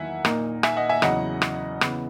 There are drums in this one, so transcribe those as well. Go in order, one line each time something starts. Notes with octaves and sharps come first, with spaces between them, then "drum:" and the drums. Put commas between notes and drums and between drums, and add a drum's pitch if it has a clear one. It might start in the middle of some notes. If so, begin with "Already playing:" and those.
Already playing: E2 D#3 F#3 A#3 E4 E5 F#5 G#5
A#2 A#3 D#4, drum: rim click
E5 G#5, drum: rim click
D#5 F#5
E5 G#5
E2 C#3 F#3 D#5 F#5, drum: rim click
drum: rim click
C#3 E3 B3, drum: rim click